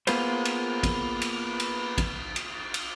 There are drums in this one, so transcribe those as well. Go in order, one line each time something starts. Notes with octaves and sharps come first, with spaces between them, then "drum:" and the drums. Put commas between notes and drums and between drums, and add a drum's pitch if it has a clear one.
A#3 B3 F4 G#4 B4 C5, drum: cymbal
drum: cymbal
drum: kick A1, cymbal
drum: cymbal
drum: cymbal
drum: kick A1, cymbal
drum: cymbal
drum: cymbal